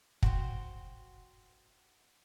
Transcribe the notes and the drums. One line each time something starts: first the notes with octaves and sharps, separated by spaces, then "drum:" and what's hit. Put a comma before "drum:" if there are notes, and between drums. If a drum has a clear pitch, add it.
F#4 C5 G5, drum: kick